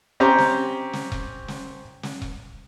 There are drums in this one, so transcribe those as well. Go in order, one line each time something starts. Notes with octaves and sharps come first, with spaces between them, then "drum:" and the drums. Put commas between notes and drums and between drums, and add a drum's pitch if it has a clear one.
C4 C#4 G4 A#5 C6
drum: snare
drum: snare
drum: kick E1
drum: snare
drum: snare
drum: kick E1